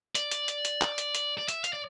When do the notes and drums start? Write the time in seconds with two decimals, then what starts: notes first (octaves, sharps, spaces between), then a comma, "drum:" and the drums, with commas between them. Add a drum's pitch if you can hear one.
0.15 D5, drum: hi-hat
0.31 drum: hi-hat
0.48 drum: hi-hat
0.65 drum: hi-hat
0.81 drum: clap
0.98 drum: hi-hat
1.15 drum: hi-hat
1.38 D5
1.48 E5, drum: hi-hat
1.64 F5, drum: hi-hat
1.73 D5